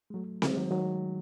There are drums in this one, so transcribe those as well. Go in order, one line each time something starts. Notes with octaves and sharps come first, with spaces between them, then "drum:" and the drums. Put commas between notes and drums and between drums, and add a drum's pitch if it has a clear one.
G#3
F#3 A3
F#3, drum: snare C4
G#3
D#3 F#3
D#3 F#3